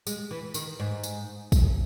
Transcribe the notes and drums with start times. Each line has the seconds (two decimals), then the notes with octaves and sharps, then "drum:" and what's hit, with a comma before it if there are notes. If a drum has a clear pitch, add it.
0.07 G#3, drum: tambourine
0.31 E3
0.54 D#3, drum: tambourine
0.80 G#2
1.03 drum: tambourine
1.52 drum: kick, tambourine